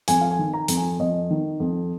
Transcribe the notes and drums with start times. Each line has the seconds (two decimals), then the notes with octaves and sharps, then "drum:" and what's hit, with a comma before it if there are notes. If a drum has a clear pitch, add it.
0.08 F2 G#5, drum: hi-hat
0.21 F5
0.31 G#5
0.39 D#3
0.54 A#5
0.68 F2, drum: hi-hat
0.77 G#5
0.99 F2 D#5
1.30 D#3
1.60 F2